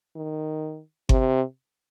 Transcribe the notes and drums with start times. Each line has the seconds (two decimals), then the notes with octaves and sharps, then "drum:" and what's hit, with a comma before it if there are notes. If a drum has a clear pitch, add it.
0.16 D#3
1.09 C3, drum: kick G1